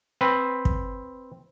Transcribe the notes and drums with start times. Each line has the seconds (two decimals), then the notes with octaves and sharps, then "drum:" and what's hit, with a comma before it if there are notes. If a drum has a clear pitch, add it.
0.21 C4 B4
0.65 drum: kick